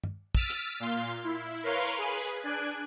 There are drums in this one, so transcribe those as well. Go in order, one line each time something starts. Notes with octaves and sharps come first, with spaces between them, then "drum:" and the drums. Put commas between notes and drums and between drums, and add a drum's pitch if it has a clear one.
drum: tom
E6 F6 A6 B6 D7 D#7, drum: kick
drum: hi-hat
A#2 F5 C6
E4
A#4 B4 C#5 F5 C6
G#4 B4
D4 G#5 F#6 D7